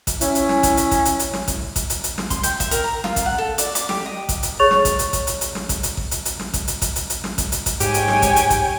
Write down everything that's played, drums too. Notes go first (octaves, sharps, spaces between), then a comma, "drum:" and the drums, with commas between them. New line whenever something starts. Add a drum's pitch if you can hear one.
drum: kick A1, hi-hat
C#4 E4, drum: hi-hat
drum: hi-hat
drum: snare
drum: kick A1, hi-hat
drum: hi-hat
drum: kick A1, hi-hat
drum: hi-hat
drum: hi-hat
drum: snare
drum: kick A1, hi-hat
drum: kick A1, hi-hat
drum: hi-hat
drum: hi-hat
drum: snare
C6, drum: kick A1, hi-hat
G5, drum: hi-hat
E5, drum: kick A1, hi-hat
A#4, drum: hi-hat
A#5
F4, drum: snare
drum: kick A1, hi-hat
F#5
A4
D5, drum: hi-hat
D6, drum: hi-hat
G4, drum: snare
D#5
drum: kick A1, hi-hat
drum: hi-hat
G#4 C#5 C#6 A6 F7
drum: snare
drum: kick A1, hi-hat
drum: hi-hat
drum: kick A1, hi-hat
drum: hi-hat
drum: hi-hat
drum: snare
drum: kick A1, hi-hat
drum: hi-hat
drum: kick A1
drum: hi-hat
drum: hi-hat
drum: snare
drum: kick A1, hi-hat
drum: hi-hat
drum: kick A1, hi-hat
drum: hi-hat
drum: hi-hat
drum: snare
drum: kick A1, hi-hat
drum: hi-hat
drum: kick A1, hi-hat
G#2 G4 C#5 G5 G#5, drum: hi-hat
drum: hi-hat
drum: snare
drum: kick A1, hi-hat
drum: hi-hat
drum: kick A1, hi-hat